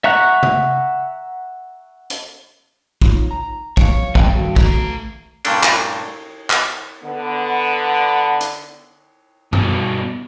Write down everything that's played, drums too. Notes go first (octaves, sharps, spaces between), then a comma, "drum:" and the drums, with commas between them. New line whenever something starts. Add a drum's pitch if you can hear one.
E5 F#5 A#5 C#6 F#6
drum: tom
drum: hi-hat
D#4 F4 C#5, drum: kick
A#5
F#2 C#5 F5, drum: kick
G2 C4 G5, drum: kick
D#3 F#4 A4
A3 A#5, drum: kick
G2 A#2 A3 C#4 D4, drum: cymbal
drum: clap
drum: clap
D3 B3
drum: hi-hat
G2 B2, drum: tom F#2